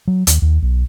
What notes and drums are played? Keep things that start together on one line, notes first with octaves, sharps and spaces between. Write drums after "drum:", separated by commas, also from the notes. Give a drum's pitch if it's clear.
F#3
D#2, drum: hi-hat
D#2
B1